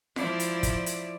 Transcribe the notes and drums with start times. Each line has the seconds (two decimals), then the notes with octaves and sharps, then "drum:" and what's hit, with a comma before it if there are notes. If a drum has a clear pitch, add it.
0.16 F3 E4 D5, drum: snare F4
0.40 drum: hi-hat
0.63 drum: kick, hi-hat
0.86 drum: hi-hat